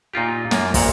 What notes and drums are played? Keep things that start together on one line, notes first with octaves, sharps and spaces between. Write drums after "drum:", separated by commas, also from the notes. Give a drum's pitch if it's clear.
A#2 D#4 F4 G4
F#2 A#3, drum: snare
C2 A#2 A#4 F#5, drum: kick, open hi-hat